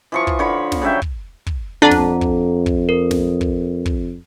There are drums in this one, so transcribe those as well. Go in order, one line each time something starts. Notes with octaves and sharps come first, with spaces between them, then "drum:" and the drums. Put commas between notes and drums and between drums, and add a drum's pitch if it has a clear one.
E3 F3 C#6
drum: kick
D3 C#5 B5
drum: snare
C#3 F#3 E5 G5
drum: kick
drum: kick
F2 D4 A4 F#5 A#5
drum: snare
drum: kick
drum: kick
A#4
drum: snare
drum: kick
drum: kick